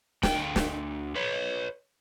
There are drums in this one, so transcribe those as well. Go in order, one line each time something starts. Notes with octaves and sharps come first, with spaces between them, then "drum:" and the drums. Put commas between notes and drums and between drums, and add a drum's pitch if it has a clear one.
D2 G5, drum: snare
drum: snare
B4 C#5